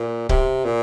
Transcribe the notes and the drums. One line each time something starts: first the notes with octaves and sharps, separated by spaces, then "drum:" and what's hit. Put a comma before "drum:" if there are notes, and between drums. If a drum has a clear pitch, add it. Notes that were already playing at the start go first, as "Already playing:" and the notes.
Already playing: A#2
C3, drum: kick C#1
A#2